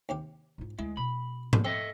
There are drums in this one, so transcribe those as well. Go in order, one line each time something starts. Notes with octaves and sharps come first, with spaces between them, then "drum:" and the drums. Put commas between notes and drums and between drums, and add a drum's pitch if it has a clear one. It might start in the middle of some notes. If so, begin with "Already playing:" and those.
D#2 C3 G4
G#2 F4
D2 G#3 E4
B2 B5
drum: tom G#2
C4 A4 D#5 E5